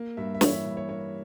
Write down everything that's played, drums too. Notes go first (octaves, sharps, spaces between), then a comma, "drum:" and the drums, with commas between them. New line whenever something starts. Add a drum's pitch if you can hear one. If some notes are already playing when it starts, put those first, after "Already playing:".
Already playing: A#3
G2 E5
E5
E3 C#5, drum: snare
E5
G2
C#5
A#3 C#5